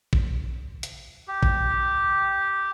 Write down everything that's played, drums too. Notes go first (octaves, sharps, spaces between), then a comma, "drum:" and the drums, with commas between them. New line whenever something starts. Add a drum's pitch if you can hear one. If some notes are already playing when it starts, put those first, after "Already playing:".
drum: kick
drum: hi-hat
G4
drum: kick